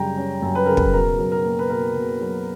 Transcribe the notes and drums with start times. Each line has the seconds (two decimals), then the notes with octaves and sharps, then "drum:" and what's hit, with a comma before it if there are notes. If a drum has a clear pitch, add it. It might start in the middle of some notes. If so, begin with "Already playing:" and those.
Already playing: F#2 C#3 G3 G5 A#5
0.17 C#4
0.42 F#2
0.55 B4
0.66 C#3 A#4
0.77 B4, drum: kick
0.93 B2 A#4
1.18 F#3
1.32 A#4
1.44 A#3
1.59 B4
1.70 B2 A#4
1.95 B2
2.21 F#3